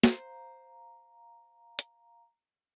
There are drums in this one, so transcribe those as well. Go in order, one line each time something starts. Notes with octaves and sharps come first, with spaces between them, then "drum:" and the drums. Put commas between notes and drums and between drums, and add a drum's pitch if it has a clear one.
C5 F5 A#5, drum: snare
drum: hi-hat